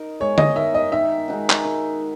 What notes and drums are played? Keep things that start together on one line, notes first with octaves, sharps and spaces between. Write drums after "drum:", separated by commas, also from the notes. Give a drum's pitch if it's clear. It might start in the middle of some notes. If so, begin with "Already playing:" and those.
Already playing: D#4 A#4
G#3 C#5
D#5, drum: tom D3
D#4 A#4 E5
D#5
D#3 E5
G#3 D#4 F#4
drum: clap
D#3